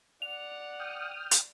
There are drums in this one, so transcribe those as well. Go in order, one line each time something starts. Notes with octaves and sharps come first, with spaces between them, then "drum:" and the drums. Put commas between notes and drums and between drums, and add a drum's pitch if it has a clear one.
D5 F#5 F7
G5 D#6 F6
drum: hi-hat